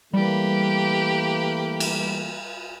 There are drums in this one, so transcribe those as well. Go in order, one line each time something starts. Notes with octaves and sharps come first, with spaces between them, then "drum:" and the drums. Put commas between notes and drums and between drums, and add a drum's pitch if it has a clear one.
E3 G3 A3 A#3 G4 B4
drum: cymbal